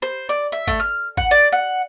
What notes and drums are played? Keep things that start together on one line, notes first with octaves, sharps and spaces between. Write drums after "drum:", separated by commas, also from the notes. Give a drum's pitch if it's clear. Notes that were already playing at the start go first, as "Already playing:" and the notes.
C5
D5
E5
A3, drum: kick G#1
F6
F#5, drum: kick G#1
D5
F#5